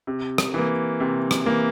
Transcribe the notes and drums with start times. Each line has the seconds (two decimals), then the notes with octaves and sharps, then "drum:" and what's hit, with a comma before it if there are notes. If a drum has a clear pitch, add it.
0.07 C3
0.38 drum: rim click
0.54 E3 A#3
1.00 C3
1.31 drum: rim click
1.46 E3 A#3